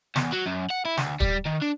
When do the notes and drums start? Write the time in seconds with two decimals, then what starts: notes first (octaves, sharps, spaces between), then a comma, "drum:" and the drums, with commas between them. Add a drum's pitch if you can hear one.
0.16 E2, drum: snare
0.32 F#3
0.46 F#2
0.70 F#5
0.85 E4
0.98 D2, drum: snare
1.20 G3, drum: kick
1.46 D#3
1.62 D4